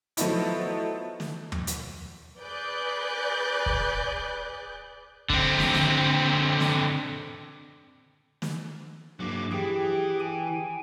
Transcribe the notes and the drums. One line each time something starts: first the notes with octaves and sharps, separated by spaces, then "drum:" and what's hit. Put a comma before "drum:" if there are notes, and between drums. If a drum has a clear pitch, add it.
F3 F#3 A3 B3 D#4 E4, drum: hi-hat
drum: snare
drum: tom
drum: hi-hat
G#4 B4 D5 F#6 G6
drum: kick
D3 C4, drum: kick
drum: snare
drum: snare
drum: snare
drum: snare
G2 F#3 A#3 D6
E3 G4 G#4 G5
G5 G#5